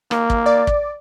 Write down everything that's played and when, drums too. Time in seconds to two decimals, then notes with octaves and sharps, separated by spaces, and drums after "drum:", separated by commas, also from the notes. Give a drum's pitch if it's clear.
0.11 A#3, drum: rim click
0.30 drum: kick
0.46 D5
0.67 drum: kick